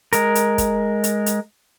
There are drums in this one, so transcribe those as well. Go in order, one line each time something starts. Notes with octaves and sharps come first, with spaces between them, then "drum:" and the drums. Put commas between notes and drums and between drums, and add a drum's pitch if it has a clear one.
G#3 A#4, drum: hi-hat
drum: hi-hat
drum: kick, hi-hat
drum: hi-hat
drum: hi-hat